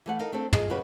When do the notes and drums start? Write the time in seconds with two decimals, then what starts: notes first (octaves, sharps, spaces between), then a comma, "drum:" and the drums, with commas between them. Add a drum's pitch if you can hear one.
0.06 E3 A3 F#5
0.19 D#4 A4 A#4 F5
0.32 A3 C4 D4 A4
0.53 F4 G#4 D#5, drum: tom
0.70 D#2 C#3 A#3 F#4 G4 B4